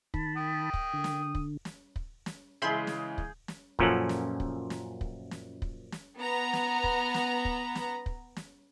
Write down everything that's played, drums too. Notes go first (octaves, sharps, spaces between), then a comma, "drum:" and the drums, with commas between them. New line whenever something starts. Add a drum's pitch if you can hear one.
D#3 A5 B5, drum: kick
G5 D#6
drum: kick
D3
drum: snare
drum: kick
drum: snare
drum: kick
drum: snare
C#3 E3 G#3 G#4 E5 G5 B5 C6
drum: snare
drum: kick
drum: snare
F#2 A#2 F3 C#4 A4 F#5, drum: kick
drum: snare
drum: kick
drum: snare
drum: kick
drum: snare
drum: kick
drum: snare
B3 A#5
drum: snare
drum: kick
drum: snare
drum: kick
drum: snare
drum: kick
drum: snare